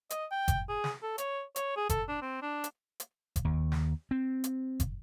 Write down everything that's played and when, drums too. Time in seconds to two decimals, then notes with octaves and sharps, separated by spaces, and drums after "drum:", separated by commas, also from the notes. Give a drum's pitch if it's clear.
0.10 D#5, drum: hi-hat
0.31 G5
0.48 drum: kick F#1, hi-hat
0.69 G#4
0.84 drum: snare
1.03 A4
1.18 C#5, drum: hi-hat
1.56 C#5, drum: hi-hat
1.76 G#4
1.89 A4, drum: kick F#1, hi-hat
2.09 D4
2.22 C4
2.42 D4
2.64 drum: hi-hat
3.00 drum: hi-hat
3.36 drum: kick F#1, hi-hat
3.45 D#2
3.72 drum: snare
4.11 C4
4.44 drum: hi-hat
4.80 drum: kick F#1, hi-hat